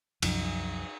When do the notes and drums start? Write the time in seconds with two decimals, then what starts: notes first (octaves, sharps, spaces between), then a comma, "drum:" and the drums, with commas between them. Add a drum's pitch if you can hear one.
0.22 C2 F#2 F3, drum: cymbal